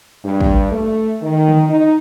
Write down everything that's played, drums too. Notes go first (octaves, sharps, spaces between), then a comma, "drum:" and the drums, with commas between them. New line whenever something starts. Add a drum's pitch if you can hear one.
G2
drum: kick
A3
D#3
drum: tom C#3
D#4